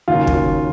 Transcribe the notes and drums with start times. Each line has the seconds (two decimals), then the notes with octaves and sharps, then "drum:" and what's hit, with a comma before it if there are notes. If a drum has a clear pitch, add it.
0.08 D#2 C#3 F#3 A#3 F4
0.27 drum: kick